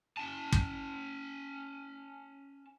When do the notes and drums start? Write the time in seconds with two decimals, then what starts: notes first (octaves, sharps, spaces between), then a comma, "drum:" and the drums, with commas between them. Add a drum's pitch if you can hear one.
0.17 C#4 A5
0.52 drum: kick